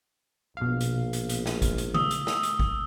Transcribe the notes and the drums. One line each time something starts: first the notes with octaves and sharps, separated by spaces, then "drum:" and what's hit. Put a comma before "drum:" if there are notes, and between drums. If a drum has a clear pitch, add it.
A#1 B2 F5
drum: hi-hat
drum: hi-hat
drum: hi-hat
drum: snare
drum: kick G#1, hi-hat
drum: hi-hat
D#6 E6 G7, drum: tom C#3
drum: hi-hat
drum: snare
drum: hi-hat
drum: kick G#1